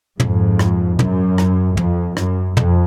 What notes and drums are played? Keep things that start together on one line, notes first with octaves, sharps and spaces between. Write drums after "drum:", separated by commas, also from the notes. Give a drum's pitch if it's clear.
F2 G#2, drum: tom
drum: rim click
F#2, drum: tom
drum: rim click
F2, drum: tom
F#2, drum: rim click
F2, drum: tom